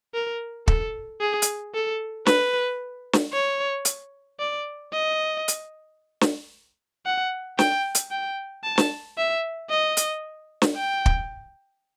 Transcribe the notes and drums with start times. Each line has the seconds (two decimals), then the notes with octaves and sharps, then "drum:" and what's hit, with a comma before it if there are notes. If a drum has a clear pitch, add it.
0.15 A#4
0.68 A4, drum: kick
1.21 G#4
1.42 drum: hi-hat
1.75 A4
2.26 B4, drum: snare
3.13 drum: snare
3.33 C#5
3.85 drum: hi-hat
4.40 D5
4.93 D#5
5.48 drum: hi-hat
6.21 drum: snare
7.06 F#5
7.59 G5, drum: snare
7.95 drum: hi-hat
8.11 G5
8.64 A5
8.78 drum: snare
9.18 E5
9.70 D#5
9.97 drum: hi-hat
10.62 drum: snare
10.76 G5
11.06 drum: kick